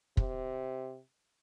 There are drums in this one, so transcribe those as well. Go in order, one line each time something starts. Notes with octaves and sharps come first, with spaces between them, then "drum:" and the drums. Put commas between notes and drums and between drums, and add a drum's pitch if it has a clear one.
C3, drum: kick